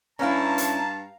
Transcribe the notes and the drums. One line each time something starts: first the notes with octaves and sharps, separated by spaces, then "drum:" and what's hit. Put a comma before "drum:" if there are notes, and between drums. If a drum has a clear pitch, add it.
G2 C#4 E4 F5 A5 A#5
drum: hi-hat